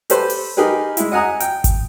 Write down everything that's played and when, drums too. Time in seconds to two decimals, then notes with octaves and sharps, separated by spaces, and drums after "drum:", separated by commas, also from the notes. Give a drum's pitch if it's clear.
0.10 G4 A4 B4 C5, drum: hi-hat
0.30 drum: open hi-hat
0.57 D#4 G4 G#4 A#4 B4
0.97 G#3 E4, drum: hi-hat
1.12 D#5 F#5 G#5 A#5 D#6
1.40 G5, drum: hi-hat
1.64 drum: kick G#1, hi-hat